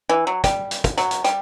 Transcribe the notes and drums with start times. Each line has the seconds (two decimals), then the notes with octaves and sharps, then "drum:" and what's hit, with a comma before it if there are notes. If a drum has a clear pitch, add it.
0.09 E3
0.27 F#3
0.44 G3, drum: kick, hi-hat
0.71 drum: hi-hat
0.84 drum: kick, hi-hat
0.97 F#3, drum: hi-hat
1.11 drum: hi-hat
1.24 G3, drum: hi-hat